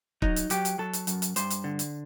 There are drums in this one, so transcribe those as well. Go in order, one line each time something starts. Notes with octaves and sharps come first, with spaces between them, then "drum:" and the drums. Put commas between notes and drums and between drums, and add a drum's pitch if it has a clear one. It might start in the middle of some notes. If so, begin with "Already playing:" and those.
F#3 D#4, drum: kick
drum: hi-hat
F#3 G4, drum: hi-hat
drum: hi-hat
F#3 A4
drum: hi-hat
F#2, drum: hi-hat
drum: hi-hat
G2 C5, drum: hi-hat
drum: hi-hat
D3
drum: hi-hat